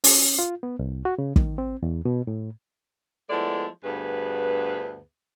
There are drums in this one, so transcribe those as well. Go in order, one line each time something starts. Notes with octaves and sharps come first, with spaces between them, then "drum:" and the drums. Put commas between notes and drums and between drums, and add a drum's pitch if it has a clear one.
C#4, drum: open hi-hat
F4
B3
C2
F#4
C#3
D#3, drum: kick
C4
E2
B2
A2
F3 G#3 A3 B3 E4 D5
D2 G2 B3 G#4 B4